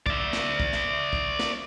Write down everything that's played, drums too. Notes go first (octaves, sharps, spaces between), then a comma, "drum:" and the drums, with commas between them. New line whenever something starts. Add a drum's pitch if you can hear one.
D5 E5, drum: kick
drum: snare
drum: kick
drum: snare
drum: kick
drum: snare